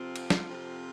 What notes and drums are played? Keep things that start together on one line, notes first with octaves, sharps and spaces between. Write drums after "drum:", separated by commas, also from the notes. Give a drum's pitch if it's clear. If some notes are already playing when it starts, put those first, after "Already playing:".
Already playing: F2 C3 F3 C4 F4
drum: cymbal
drum: snare
F2 C3 F3 C4 F4